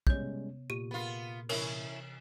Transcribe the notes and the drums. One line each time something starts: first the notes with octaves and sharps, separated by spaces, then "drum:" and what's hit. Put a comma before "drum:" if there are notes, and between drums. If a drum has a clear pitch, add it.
C3 G3 G#3 B3 C#4 C#5 G6, drum: kick
A#2 G4 D#7
B3 F4 G#4 A#4 B5
C3 E3 C#4 E4 A#4, drum: cymbal